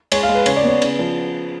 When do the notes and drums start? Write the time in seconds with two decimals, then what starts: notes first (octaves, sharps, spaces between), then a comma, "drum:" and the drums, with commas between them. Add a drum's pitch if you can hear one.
0.12 G#3 C#5, drum: cymbal
0.23 F5
0.29 G#3
0.35 B4
0.46 C#3 C#5, drum: cymbal
0.57 D5
0.64 B3 C#5
0.82 C#3, drum: cymbal
0.99 F3